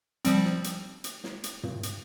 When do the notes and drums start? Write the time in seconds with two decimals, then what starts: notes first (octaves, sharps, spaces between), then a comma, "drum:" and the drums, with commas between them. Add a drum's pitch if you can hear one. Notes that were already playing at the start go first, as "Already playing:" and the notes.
0.25 F3 G3 C4, drum: hi-hat
0.44 drum: snare
0.64 drum: hi-hat
1.04 drum: hi-hat
1.24 drum: snare
1.44 drum: hi-hat
1.63 drum: tom
1.83 drum: hi-hat